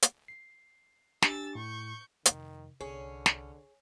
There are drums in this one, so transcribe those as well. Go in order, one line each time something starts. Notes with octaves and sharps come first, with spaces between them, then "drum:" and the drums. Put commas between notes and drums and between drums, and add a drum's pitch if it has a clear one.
drum: hi-hat
C7
D4 G4 G#5 E6 A6, drum: snare
A2 C#6 G6
F2 C3 D#3, drum: hi-hat
C2 D3 C#4 G#4 C#5
drum: snare